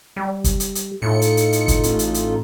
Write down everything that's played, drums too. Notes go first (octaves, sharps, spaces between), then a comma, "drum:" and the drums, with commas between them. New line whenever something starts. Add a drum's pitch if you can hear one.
G3
drum: kick, hi-hat
drum: hi-hat
drum: hi-hat
A2 D#4 F4 A4 C#7
drum: hi-hat
drum: hi-hat
drum: hi-hat
drum: kick, hi-hat
A1, drum: hi-hat
drum: hi-hat
drum: hi-hat